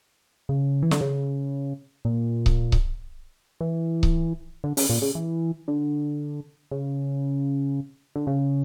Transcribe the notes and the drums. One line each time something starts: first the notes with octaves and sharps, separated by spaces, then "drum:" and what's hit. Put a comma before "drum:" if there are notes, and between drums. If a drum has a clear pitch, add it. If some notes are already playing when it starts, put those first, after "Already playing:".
C#3
E3
D3, drum: snare
C#3
A#2
drum: kick C#1
drum: kick C#1
E3
drum: kick C#1
D3
C#3, drum: open hi-hat
A#2
C#3
E3
D3
C#3
D3
C#3